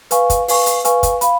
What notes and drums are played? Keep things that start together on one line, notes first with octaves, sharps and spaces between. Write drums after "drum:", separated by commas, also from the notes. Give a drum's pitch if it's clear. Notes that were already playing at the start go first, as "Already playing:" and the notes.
B4 F5 G#5 C#6, drum: hi-hat
drum: kick, hi-hat
B4 F5 G#5 C#6, drum: open hi-hat
drum: hi-hat
B4 F5 G#5 C#6, drum: hi-hat
drum: kick, hi-hat
F5 B5, drum: hi-hat